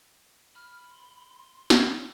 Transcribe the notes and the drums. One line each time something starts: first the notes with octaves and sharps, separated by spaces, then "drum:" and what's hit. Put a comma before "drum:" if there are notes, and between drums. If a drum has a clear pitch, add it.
B5 F6
C6
drum: snare